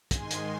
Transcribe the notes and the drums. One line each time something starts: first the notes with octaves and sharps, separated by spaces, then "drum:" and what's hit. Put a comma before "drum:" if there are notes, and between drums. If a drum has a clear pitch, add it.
G#2 D#3 G#3 G#5 C6, drum: kick, hi-hat
drum: hi-hat